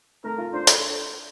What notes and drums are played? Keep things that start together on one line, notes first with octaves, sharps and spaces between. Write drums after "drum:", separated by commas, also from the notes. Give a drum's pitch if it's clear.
A3 A#4
F4
D4 C5
A4, drum: hi-hat